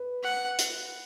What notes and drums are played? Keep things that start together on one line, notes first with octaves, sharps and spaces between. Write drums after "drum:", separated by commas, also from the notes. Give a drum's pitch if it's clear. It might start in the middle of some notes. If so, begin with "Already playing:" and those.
Already playing: B4
F#5
drum: hi-hat